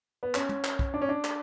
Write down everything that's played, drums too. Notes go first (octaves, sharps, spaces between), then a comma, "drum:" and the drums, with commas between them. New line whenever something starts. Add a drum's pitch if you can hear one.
B3
C#4, drum: clap
drum: tom
drum: clap
drum: kick
D4
C#4
D4
drum: clap